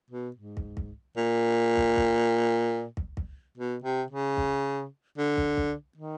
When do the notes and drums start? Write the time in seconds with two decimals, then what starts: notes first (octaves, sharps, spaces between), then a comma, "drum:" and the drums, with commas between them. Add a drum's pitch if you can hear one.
0.11 B2
0.36 G#2
0.57 drum: kick
0.77 drum: kick
1.17 A#2
1.77 drum: kick
1.97 drum: kick
2.97 drum: kick
3.17 drum: kick
3.58 B2
3.84 C3
4.11 C#3
4.37 drum: kick
5.18 D3
5.37 drum: kick
5.57 drum: kick
5.97 D#3